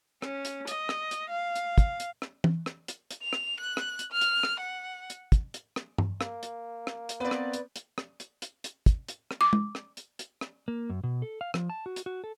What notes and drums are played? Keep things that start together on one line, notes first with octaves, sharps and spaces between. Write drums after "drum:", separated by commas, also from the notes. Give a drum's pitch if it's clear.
C#4, drum: rim click
drum: hi-hat
D#5, drum: hi-hat
drum: rim click
drum: hi-hat
F5
drum: hi-hat
drum: kick, hi-hat
drum: hi-hat
drum: rim click
drum: tom
drum: rim click
drum: hi-hat
drum: hi-hat
F7
drum: rim click
F#6
drum: rim click
drum: hi-hat
F6
drum: hi-hat
drum: rim click
F#5
drum: hi-hat
drum: kick, hi-hat
drum: hi-hat
drum: rim click
drum: tom G2
A#3, drum: rim click
drum: hi-hat
drum: rim click
drum: hi-hat
B3 C4 B4 D5
drum: rim click
drum: hi-hat
drum: hi-hat
drum: rim click
drum: hi-hat
drum: hi-hat
drum: hi-hat
drum: kick, hi-hat
drum: hi-hat
drum: rim click
D6
drum: tom
drum: rim click
drum: hi-hat
drum: hi-hat
drum: rim click
A#3
F#2
B2
A4
F5
F3, drum: rim click
A5
F#4
drum: hi-hat
F#4
A4